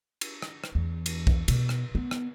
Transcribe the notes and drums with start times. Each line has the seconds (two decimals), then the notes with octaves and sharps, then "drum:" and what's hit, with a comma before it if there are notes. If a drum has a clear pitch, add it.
0.21 drum: cymbal
0.42 drum: rim click
0.64 drum: rim click
0.75 E2
1.06 drum: cymbal
1.27 drum: kick
1.48 B2, drum: cymbal
1.69 drum: rim click
1.95 B3
2.11 drum: rim click